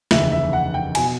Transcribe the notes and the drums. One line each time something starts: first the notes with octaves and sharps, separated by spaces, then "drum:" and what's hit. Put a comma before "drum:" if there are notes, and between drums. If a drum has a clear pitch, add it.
F1 D#2 C#3 E3 E5, drum: snare
E5
F#5
G5
B2 G#5, drum: cymbal